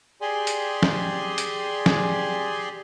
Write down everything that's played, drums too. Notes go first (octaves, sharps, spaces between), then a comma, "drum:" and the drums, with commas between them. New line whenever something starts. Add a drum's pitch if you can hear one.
G4 G#4 D5 G#5 C6
drum: hi-hat
drum: snare
drum: hi-hat
drum: snare